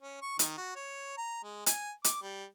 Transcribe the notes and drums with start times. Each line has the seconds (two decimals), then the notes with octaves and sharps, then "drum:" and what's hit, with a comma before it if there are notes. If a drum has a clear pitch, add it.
0.02 C#4
0.22 C#6
0.39 D#3, drum: hi-hat
0.58 F#4
0.76 C#5
1.18 A#5
1.44 G#3
1.66 G#5, drum: hi-hat
2.04 D6, drum: hi-hat
2.22 G3